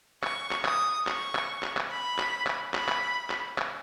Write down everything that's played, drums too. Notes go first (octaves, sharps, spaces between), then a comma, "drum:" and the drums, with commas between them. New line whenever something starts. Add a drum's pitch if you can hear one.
C#6, drum: clap
drum: clap
D#6, drum: clap
C#6, drum: clap
drum: clap
drum: clap
drum: clap
B5
drum: clap
drum: clap
B5, drum: clap
drum: clap
drum: clap
drum: clap